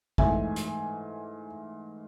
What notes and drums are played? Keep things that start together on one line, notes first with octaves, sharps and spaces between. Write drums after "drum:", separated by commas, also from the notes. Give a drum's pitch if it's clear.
G#2 E3 A3 E5 G#5, drum: kick G#1
drum: hi-hat